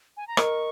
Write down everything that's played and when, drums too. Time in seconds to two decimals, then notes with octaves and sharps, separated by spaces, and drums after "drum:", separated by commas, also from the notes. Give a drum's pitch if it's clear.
0.17 G#5
0.28 A#5
0.37 A#4 D#5 C#6, drum: rim click